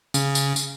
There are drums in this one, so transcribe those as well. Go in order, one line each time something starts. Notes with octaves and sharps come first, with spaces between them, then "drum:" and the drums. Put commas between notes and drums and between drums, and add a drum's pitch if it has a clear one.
C#3, drum: tambourine
drum: tambourine
drum: tambourine